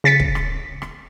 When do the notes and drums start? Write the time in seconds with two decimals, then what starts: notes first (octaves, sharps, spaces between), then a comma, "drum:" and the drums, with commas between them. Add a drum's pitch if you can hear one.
0.04 C#3 A6 B6 C#7
0.20 drum: kick
0.35 drum: rim click
0.82 drum: rim click